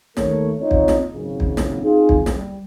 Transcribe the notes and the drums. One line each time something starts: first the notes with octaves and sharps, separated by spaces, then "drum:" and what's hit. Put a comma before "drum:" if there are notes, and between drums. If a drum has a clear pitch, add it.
D#2 A3 A#4 C#5, drum: snare
C4 D#4 F4 C#5
drum: kick
drum: snare
G#1 C#2 F#2 C#3
drum: kick
drum: snare
C4 D#4 F4 G4 G#4
drum: kick
G3, drum: snare